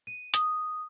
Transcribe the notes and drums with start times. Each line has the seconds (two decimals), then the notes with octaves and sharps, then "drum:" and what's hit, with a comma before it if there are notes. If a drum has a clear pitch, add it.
0.07 D#7
0.34 D#6, drum: hi-hat